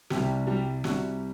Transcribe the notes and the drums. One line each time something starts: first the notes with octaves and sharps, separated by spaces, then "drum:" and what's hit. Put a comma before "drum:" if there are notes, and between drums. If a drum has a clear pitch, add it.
C2 C3 G3 G4, drum: snare
G3 G4
C2 C3 G3 F#4, drum: snare